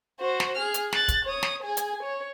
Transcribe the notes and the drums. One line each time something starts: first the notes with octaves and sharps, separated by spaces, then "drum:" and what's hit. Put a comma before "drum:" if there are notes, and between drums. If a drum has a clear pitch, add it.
F#4 C5
drum: snare
G#4 F6
drum: hi-hat
F#6 A6, drum: snare
drum: kick, hi-hat
C#5 D#6
drum: snare
G#4 G#5
drum: hi-hat
C#5